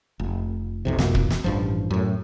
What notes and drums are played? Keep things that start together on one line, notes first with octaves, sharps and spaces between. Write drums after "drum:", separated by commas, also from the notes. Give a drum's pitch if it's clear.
F1
B1 F2 C3
G#1 F2 B2 A#3, drum: snare
drum: kick
drum: snare
A1 G2 F3
F#2 A2